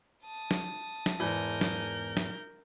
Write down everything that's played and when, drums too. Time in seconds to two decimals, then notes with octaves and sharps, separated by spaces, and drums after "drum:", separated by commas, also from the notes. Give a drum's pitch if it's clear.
0.24 A5 D#6
0.51 drum: snare
1.06 drum: snare
1.20 E2 G#2 E3 A#4 G6
1.61 drum: snare
2.17 drum: snare